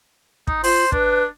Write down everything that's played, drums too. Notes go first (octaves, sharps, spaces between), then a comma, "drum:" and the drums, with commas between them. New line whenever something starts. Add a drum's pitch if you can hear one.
D#4, drum: kick
F4 C5, drum: open hi-hat
D4 B4, drum: kick